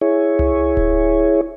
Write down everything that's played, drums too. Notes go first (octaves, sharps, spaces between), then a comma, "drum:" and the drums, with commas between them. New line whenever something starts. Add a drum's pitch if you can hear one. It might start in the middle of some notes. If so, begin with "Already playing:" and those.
E4 G#4 C#5
drum: tom C2
drum: kick D1